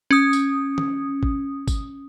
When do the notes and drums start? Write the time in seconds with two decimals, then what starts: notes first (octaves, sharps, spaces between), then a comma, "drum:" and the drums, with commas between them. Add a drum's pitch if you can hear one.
0.11 C#4 D#6
0.33 drum: tambourine
0.78 drum: tom
1.23 drum: kick G#1
1.68 drum: kick G#1, tambourine